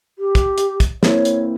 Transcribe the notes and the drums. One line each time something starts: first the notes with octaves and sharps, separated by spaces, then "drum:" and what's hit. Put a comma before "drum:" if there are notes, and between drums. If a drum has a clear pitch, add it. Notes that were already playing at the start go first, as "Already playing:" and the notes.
G4
drum: kick, hi-hat
drum: hi-hat
drum: kick, hi-hat
A#3 C4 E4 C#5, drum: snare
drum: hi-hat